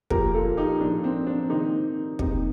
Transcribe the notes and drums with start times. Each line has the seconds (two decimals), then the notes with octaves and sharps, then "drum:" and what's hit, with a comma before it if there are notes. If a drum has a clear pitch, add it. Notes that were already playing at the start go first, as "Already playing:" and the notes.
0.10 A#2 F3 A#3 G4 A#4, drum: kick
0.34 F4 A4
0.57 D#4 G4
0.80 A#2 F3 A#3 D4
1.04 C4
1.27 D4
1.49 C3 D#3 A#3 C4 D#4
2.19 C3 D#3 A#3 C4 D#4, drum: kick